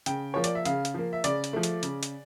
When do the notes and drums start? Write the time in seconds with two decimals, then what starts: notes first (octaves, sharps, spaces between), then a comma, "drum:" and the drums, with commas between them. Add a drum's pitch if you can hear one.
0.06 C#3 G5, drum: hi-hat
0.34 F3 A#3 C#5
0.44 D5, drum: hi-hat
0.55 E5
0.65 C#3 F5, drum: hi-hat
0.85 drum: hi-hat
0.94 F3 A#3
1.13 E5
1.24 C#3 D5, drum: hi-hat
1.44 drum: hi-hat
1.53 F3 A3
1.63 drum: hi-hat
1.83 C#3, drum: hi-hat
2.03 drum: hi-hat